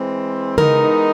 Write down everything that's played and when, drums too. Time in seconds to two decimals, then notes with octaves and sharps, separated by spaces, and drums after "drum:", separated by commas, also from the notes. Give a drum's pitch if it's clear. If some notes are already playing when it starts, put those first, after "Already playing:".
Already playing: E3 G#3 C4
0.58 E3 G#3 B3 D#4 A#4, drum: tom C#3